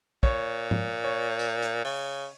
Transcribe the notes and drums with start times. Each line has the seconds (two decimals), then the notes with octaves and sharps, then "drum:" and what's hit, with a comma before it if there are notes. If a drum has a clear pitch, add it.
0.23 A#2 C#5, drum: kick
0.71 drum: tom G#2
1.04 C#5
1.39 drum: tambourine
1.62 drum: hi-hat
1.85 C#3, drum: open hi-hat